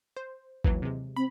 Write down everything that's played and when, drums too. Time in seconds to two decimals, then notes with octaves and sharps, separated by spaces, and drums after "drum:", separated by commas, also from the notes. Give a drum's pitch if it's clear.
0.17 C5
0.64 D#2 E3 F#3, drum: kick G#1
0.82 C3 G#3
1.17 C4 B5